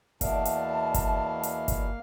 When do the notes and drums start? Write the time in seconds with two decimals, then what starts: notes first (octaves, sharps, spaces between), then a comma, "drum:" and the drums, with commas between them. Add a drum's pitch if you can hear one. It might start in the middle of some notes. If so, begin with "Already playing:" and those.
0.21 E2 B2 A#3 D5 E5 F5 A5, drum: kick G1, hi-hat
0.45 drum: hi-hat
0.94 drum: kick G1, hi-hat
1.43 drum: hi-hat
1.68 drum: kick G1, hi-hat